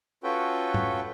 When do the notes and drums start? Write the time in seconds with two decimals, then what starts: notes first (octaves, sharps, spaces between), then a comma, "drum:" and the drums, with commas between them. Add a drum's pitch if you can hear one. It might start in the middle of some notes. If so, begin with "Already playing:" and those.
0.23 C#4 F4 F#4 A4 B4 G5
0.74 drum: tom G#2